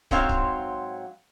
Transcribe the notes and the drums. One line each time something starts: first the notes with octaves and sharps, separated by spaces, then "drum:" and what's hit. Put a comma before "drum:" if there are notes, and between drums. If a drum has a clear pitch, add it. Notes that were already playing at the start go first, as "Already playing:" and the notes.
G#2 F#3 C4 C#5 F5, drum: kick
drum: kick